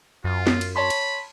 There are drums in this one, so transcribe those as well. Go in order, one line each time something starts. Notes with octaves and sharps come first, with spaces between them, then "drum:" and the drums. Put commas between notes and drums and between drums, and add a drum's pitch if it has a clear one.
F#2 F4
drum: snare
drum: cymbal
C#5 A5 B5 C6
drum: cymbal